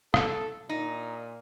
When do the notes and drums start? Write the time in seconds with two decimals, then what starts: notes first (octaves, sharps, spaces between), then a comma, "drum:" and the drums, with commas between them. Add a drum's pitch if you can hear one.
0.14 A4, drum: rim click
0.69 A#2 D#4